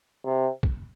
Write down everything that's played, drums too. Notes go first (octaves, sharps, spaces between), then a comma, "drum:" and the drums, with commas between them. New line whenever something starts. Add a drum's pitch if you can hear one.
C3
drum: kick